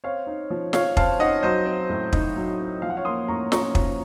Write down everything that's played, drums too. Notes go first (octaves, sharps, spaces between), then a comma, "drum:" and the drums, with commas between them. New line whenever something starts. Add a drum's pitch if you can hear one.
C4 C#5 F5
D#4
F3
F3 C#5 F5, drum: snare
C4 F5 A5, drum: kick
D#4 D#5 F#5
F#3 C5 D#5
C4
A2
D#4, drum: kick
F#3
C4
F3 F5
F#5
C#5 F5
A#3 C6 D#6
A2 A#5 C#6
C#4 A#5 C#6, drum: snare
F3, drum: kick